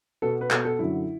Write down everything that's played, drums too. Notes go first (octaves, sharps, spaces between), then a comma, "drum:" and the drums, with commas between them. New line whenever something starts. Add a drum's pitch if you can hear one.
B2 B3 A4
B4
B2 B3 A4, drum: clap
A4
F#2 D3 F#3 E4